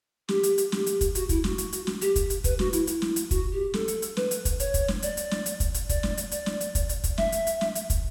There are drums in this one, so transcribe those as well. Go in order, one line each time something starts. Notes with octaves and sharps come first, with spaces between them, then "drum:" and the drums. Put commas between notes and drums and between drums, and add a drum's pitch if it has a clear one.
G4, drum: snare
drum: hi-hat
drum: hi-hat
G4, drum: snare
drum: hi-hat
drum: kick, hi-hat
F#4, drum: hi-hat
E4, drum: kick, hi-hat
F#4, drum: snare
drum: hi-hat
drum: hi-hat
drum: snare
G4, drum: hi-hat
drum: kick, hi-hat
drum: hi-hat
B4, drum: kick, hi-hat
F#4, drum: snare
E4, drum: hi-hat
E4, drum: hi-hat
drum: snare
drum: hi-hat
F#4, drum: kick, hi-hat
G4
A4, drum: snare
drum: hi-hat
drum: hi-hat
B4, drum: snare
drum: hi-hat
drum: kick, hi-hat
C#5, drum: hi-hat
drum: kick, hi-hat
drum: snare
D5, drum: hi-hat
drum: hi-hat
drum: snare
drum: hi-hat
drum: kick, hi-hat
drum: hi-hat
D5, drum: kick, hi-hat
drum: snare
drum: hi-hat
D5, drum: hi-hat
drum: snare
drum: hi-hat
drum: kick, hi-hat
drum: hi-hat
drum: kick, hi-hat
E5, drum: snare
drum: hi-hat
drum: hi-hat
drum: snare
drum: hi-hat
drum: kick, hi-hat